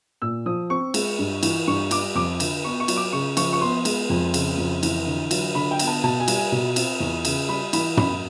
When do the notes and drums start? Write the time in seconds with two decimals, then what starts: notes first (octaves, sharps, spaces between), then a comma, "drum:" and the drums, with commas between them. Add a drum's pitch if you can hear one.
0.22 A#2 E6
0.46 F3 D#6
0.70 C4 C#6
0.94 G#3, drum: cymbal
1.19 G2
1.43 E3, drum: cymbal
1.67 G2 C#6
1.91 G3 D6, drum: cymbal
2.15 F2 D6
2.40 D3, drum: cymbal
2.64 B3 C#6
2.80 C#6
2.88 F#3, drum: cymbal
2.97 D6
3.13 C#3 C#6
3.37 F3 C#6, drum: cymbal
3.53 C#6
3.61 B3 C6
3.85 G#3, drum: cymbal
4.10 F2
4.34 C#3, drum: cymbal
4.58 F2
4.83 E3, drum: cymbal
5.06 D3
5.31 F#3, drum: cymbal
5.55 D3 B5
5.71 G5
5.79 B3, drum: cymbal
5.87 A5
6.03 B2 A5
6.20 G#5
6.28 G3, drum: cymbal
6.36 G#5
6.52 B2
6.76 C4, drum: cymbal
7.00 E2
7.25 C#3, drum: cymbal
7.49 G3 B5
7.73 E3 B5, drum: cymbal
7.97 F#2 B5, drum: tom